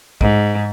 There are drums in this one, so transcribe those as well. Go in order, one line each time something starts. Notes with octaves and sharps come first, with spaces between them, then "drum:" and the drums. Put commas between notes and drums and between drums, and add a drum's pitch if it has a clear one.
G#2, drum: kick